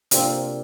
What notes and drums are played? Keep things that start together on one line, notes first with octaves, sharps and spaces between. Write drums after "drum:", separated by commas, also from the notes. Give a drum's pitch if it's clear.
C3 A#3 C4 D4 F4, drum: hi-hat